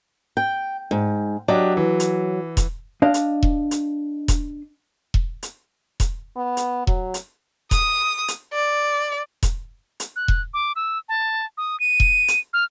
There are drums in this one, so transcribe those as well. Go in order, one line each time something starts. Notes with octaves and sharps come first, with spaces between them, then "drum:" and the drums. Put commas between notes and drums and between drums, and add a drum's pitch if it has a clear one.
G5
G#2
F#3 D4 G4 D#5
E3
drum: hi-hat
drum: kick E1, hi-hat
D4 D#5 F5
drum: hi-hat
drum: kick E1
drum: hi-hat
drum: kick E1, hi-hat
drum: kick E1
drum: hi-hat
drum: kick E1, hi-hat
B3
drum: hi-hat
F#3, drum: kick E1
drum: hi-hat
D#6, drum: kick E1, hi-hat
drum: hi-hat
D5
drum: kick E1, hi-hat
drum: hi-hat
F#6
drum: kick E1
D6
E6
A5
D#6
D#7
drum: kick E1
drum: hi-hat
F6